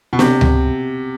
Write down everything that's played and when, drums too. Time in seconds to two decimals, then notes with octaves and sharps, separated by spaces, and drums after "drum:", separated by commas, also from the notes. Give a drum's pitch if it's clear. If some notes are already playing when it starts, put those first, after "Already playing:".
0.13 B2
0.19 C3, drum: snare
0.41 drum: tom C#2